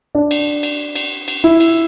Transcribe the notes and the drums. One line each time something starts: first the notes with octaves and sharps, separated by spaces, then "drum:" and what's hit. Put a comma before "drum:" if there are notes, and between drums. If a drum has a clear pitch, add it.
D4
drum: cymbal
drum: cymbal
drum: cymbal
drum: cymbal
E4
drum: cymbal